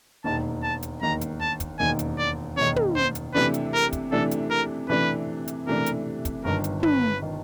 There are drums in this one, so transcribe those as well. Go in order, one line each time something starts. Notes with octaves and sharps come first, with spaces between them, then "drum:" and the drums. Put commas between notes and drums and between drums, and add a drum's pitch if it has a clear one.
E1 D#2 D#3 A5
A5
drum: hi-hat
E1 D#2 D#3 A#5
drum: hi-hat
A5
drum: kick, hi-hat
E1 D#2 D#3 G#5
drum: hi-hat
D5
E1 D#2 D#3 C#5
drum: tom
C5
drum: hi-hat
C3 E3 A3 D4 B4
drum: hi-hat
A#4
drum: kick, hi-hat
C3 E3 A3 D4 A4
drum: hi-hat
A#4
C3 E3 A3 D4 B4
drum: hi-hat
C3 E3 A3 D4 A#4
drum: hi-hat
drum: kick, hi-hat
G1 G2 D#3 A#4
drum: hi-hat
B4, drum: tom
D#3